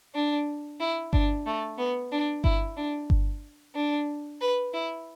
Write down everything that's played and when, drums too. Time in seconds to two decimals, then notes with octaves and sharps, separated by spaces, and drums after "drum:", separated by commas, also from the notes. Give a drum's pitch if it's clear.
0.15 D4
0.80 E4
1.13 D4, drum: kick G1
1.47 A3
1.78 B3
2.12 D4
2.44 E4, drum: kick G1
2.77 D4
3.10 drum: kick G1
3.75 D4
4.41 B4
4.74 E4